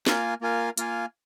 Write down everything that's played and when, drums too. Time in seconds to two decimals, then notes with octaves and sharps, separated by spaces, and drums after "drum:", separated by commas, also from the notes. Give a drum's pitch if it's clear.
0.07 A#3 F4 A#4 F5 G#5, drum: snare
0.41 A#3 F4 A#4 F5 G#5
0.78 A#3 F4 A#4 F5 G#5, drum: hi-hat